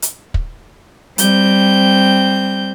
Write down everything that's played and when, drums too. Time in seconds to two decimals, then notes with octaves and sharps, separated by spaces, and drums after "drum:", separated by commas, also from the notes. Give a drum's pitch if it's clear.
0.02 drum: hi-hat
0.34 drum: kick
1.18 G3 C4 G6, drum: hi-hat